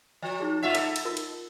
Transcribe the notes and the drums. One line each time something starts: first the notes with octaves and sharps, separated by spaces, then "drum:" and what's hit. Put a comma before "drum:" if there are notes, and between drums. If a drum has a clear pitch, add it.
F3 D#5
D#4 G#4
G#2 F4 D#5 E5 F#5 C#6
D#4 A4, drum: cymbal
drum: cymbal
F4 A#4
drum: cymbal